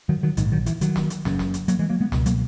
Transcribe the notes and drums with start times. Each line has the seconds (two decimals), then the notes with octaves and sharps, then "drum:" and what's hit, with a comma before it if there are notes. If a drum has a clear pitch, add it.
0.09 D#3 F#3
0.23 D#3 F#3
0.37 A#1 G#2 D#3, drum: hi-hat
0.52 D#3 F#3
0.66 E3, drum: hi-hat
0.81 D#3 F#3, drum: hi-hat
0.96 drum: snare
1.10 drum: hi-hat
1.25 F#1 F#2 C#3, drum: snare
1.39 drum: snare
1.54 drum: hi-hat
1.68 F#3 A#3, drum: hi-hat
1.79 E3 G#3
1.90 F#3 A#3
2.01 G#3 B3
2.12 C#2 B2, drum: snare
2.26 F#3 A#3, drum: hi-hat